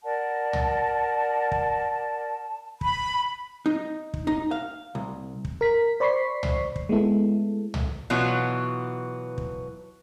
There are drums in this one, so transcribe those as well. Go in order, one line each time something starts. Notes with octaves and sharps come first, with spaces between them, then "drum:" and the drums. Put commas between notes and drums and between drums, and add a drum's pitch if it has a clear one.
A#4 D5 F#5 A5
drum: tom
drum: kick
B5, drum: kick
D#4
drum: kick
D#4
F5
C2
drum: kick
A#4 B6
C5 D5 B5 C#6 B6 C7
drum: tom
drum: kick
G#3 A3 B3 E4 A4
drum: tom
B2 E3 F#3 B3 F4
drum: kick